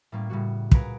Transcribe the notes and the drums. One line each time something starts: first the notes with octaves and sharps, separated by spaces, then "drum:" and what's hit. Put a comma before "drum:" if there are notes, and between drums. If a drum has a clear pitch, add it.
A2 G3 A#3 C#4
A2 C#3 G3 F#4
A#2 F#4 G#4 B4 A#5 D7, drum: kick